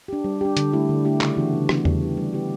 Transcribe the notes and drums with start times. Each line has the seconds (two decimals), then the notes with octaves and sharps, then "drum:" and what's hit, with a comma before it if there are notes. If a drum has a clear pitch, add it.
0.08 D4 G4
0.24 G3
0.41 D4 G4
0.57 D3, drum: hi-hat
0.73 A3 E4 G4
0.89 D3
1.05 A3 E4 G4
1.21 C#3, drum: clap
1.37 E3 B3 D4 F#4
1.53 C#3
1.69 E3 B3 D4 F#4, drum: rim click
1.85 G3, drum: tom E2
2.01 B3 E4 G4
2.17 G3
2.33 B3 E4 G4